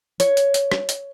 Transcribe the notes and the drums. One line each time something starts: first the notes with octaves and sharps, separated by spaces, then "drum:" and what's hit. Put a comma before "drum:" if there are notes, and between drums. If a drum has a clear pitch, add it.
C#5, drum: hi-hat
drum: hi-hat
drum: hi-hat
drum: rim click
drum: hi-hat